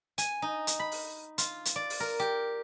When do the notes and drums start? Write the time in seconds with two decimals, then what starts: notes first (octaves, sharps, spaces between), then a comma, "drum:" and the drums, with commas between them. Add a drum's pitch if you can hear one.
0.18 G#5, drum: hi-hat
0.42 D#4
0.67 drum: hi-hat
0.80 B5
0.92 drum: open hi-hat
1.38 F4, drum: hi-hat
1.65 drum: hi-hat
1.76 D5
1.90 drum: open hi-hat
2.00 A#4
2.19 G4